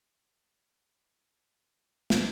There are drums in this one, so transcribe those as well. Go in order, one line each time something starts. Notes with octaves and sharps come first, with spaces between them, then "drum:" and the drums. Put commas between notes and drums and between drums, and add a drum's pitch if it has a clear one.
F3 A4 F#5
E2 E3 A#3 A#4 F5 A6
drum: snare